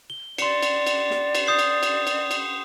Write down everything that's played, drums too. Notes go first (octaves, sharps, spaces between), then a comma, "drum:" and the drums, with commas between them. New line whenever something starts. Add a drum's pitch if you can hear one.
G7
D5 C6 C#7, drum: cymbal
drum: cymbal
drum: cymbal
drum: snare
drum: cymbal
D#6 G6 C7
drum: cymbal
drum: cymbal
drum: cymbal
drum: cymbal